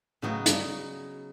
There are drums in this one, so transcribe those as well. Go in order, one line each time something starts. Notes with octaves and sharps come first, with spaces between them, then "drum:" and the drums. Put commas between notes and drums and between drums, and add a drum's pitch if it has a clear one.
A2 C#3 F#3 B3 D#4 F#4
G2, drum: hi-hat